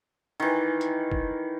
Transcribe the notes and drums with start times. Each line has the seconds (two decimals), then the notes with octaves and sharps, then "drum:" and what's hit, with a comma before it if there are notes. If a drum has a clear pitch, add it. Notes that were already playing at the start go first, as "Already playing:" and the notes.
0.40 D#3 E3
0.81 drum: hi-hat
1.12 drum: kick F1